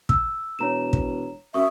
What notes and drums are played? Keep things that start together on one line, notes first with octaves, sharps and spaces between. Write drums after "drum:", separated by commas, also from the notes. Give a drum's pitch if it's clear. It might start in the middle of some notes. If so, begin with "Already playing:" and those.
E6, drum: kick
E1 C#5 A#5 E7
drum: kick
F#2 E5 C#6 D#6